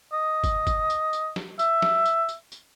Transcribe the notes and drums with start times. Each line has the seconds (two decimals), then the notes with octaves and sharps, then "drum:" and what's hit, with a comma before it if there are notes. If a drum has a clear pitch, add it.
0.13 D#5
0.44 drum: kick, tambourine
0.67 drum: kick, tambourine
0.90 drum: tambourine
1.13 drum: tambourine
1.36 drum: snare
1.59 E5, drum: tambourine
1.82 drum: snare
2.06 drum: tambourine
2.29 drum: tambourine
2.52 drum: tambourine